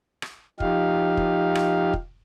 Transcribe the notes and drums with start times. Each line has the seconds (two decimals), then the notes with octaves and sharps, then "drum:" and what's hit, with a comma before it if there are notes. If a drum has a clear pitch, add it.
0.22 drum: rim click
0.60 F3 D#4 G4 F5, drum: kick
1.17 drum: kick
1.55 drum: rim click
1.93 drum: kick